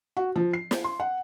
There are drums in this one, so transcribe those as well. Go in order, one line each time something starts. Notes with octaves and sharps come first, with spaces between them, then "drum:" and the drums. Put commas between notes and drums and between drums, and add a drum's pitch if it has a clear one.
F#4
F3
C7
drum: snare
C6
F#5